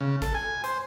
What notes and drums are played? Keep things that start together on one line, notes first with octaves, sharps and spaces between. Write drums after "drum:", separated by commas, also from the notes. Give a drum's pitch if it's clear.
C#3
A4, drum: kick A1, hi-hat
G#5
C5, drum: hi-hat